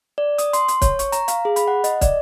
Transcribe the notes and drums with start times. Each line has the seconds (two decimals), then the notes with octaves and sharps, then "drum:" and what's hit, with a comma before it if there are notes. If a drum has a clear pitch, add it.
0.18 D5
0.38 D#6, drum: hi-hat
0.53 C6, drum: hi-hat
0.68 drum: hi-hat
0.82 C#5, drum: kick, hi-hat
0.99 C#6, drum: hi-hat
1.12 A#5, drum: hi-hat
1.28 F5, drum: hi-hat
1.45 G#4
1.56 B5, drum: hi-hat
1.68 F#5
1.84 D#5, drum: hi-hat
2.01 D5, drum: kick, hi-hat